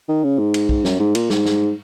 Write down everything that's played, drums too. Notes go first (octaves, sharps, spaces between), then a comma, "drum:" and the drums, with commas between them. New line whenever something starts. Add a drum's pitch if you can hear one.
D#3
C#3
G#2
drum: cymbal
drum: kick
F#2, drum: snare
G#2
A#2, drum: cymbal
G#2, drum: snare
drum: snare